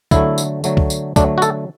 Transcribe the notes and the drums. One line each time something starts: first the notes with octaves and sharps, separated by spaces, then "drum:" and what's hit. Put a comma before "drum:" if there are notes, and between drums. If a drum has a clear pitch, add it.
D3 F#3 A3 E4, drum: kick C#2, tambourine
drum: tambourine
D3 F#3 A3, drum: tambourine
drum: kick C#2
drum: tambourine
D3 F#3 A3 D4, drum: kick C#2, tambourine
F#4
A4, drum: tambourine